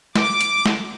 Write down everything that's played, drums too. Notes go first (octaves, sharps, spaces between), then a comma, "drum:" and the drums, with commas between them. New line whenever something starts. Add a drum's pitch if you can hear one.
D6, drum: snare
drum: hi-hat
drum: snare